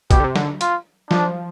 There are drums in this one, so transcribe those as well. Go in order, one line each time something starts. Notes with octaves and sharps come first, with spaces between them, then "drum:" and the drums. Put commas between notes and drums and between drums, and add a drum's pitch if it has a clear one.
B2 G4, drum: kick, hi-hat
D3
C3
D3, drum: snare
F4, drum: hi-hat
F3 D4, drum: snare